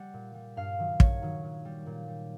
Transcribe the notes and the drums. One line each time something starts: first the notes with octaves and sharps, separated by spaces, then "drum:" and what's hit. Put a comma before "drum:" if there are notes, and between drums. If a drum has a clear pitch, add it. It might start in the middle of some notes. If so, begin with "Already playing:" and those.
Already playing: G3 F#5
A#2
G3
G2 F5
D#3 F#3
G2 C#5, drum: kick
D#3 F#3
A#2
G3
A#2
G3